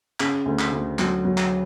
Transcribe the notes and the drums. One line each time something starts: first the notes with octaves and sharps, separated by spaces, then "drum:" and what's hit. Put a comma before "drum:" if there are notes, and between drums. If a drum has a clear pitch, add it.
C#3, drum: clap
D2
drum: clap
D2
F#3, drum: clap
F#3
drum: clap